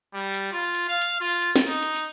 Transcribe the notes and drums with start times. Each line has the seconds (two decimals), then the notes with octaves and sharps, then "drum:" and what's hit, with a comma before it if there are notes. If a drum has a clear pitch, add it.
0.14 G3
0.34 drum: hi-hat
0.52 F4
0.75 drum: hi-hat
0.88 F5
1.02 drum: hi-hat
1.21 F4
1.42 drum: hi-hat
1.56 drum: snare
1.67 D#4, drum: hi-hat
1.83 drum: hi-hat
1.96 drum: hi-hat